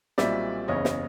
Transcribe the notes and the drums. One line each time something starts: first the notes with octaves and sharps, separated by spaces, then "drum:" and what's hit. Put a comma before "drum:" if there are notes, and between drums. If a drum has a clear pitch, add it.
B1 A#2 G3 C4 D5 E5, drum: snare
F#1 E2 C#3 C#5 D#5
drum: snare